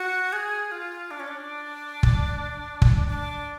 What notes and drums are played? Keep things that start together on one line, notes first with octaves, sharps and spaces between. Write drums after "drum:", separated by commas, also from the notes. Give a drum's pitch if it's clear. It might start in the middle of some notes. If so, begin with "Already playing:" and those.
Already playing: F#4
G#4
F4
D4
C#4
D4
drum: kick
drum: kick
D4